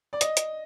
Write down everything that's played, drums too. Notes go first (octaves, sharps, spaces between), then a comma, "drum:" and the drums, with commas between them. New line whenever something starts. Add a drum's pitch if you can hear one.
D5
D#5, drum: hi-hat
drum: hi-hat